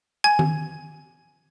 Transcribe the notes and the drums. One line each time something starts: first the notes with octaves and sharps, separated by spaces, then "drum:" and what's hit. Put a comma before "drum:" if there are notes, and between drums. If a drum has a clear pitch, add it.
G#5 G#6
drum: tom D#3